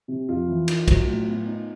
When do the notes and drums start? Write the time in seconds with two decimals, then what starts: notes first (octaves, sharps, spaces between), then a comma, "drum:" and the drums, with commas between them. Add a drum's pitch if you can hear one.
0.08 C3
0.28 F2 F4
0.48 E3
0.68 D#4, drum: cymbal
0.88 F#3, drum: kick, cymbal
1.07 A2
1.27 B3
1.46 D#4